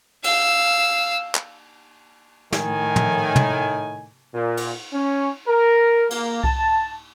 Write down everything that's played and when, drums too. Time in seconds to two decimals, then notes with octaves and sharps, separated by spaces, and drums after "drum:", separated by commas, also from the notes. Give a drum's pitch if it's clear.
0.24 F5 E6, drum: cymbal
1.35 drum: clap
2.52 A2 D#3 G#5, drum: snare
2.96 drum: tom
3.36 drum: tom
4.34 A#2
4.57 drum: cymbal
4.93 C#4
5.48 A#4
6.10 A#3, drum: cymbal
6.44 A5, drum: kick C2